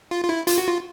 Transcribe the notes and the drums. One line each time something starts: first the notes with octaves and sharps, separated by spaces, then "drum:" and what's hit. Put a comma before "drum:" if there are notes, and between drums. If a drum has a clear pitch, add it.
F4
F4
E4
F4, drum: hi-hat
F#4
F4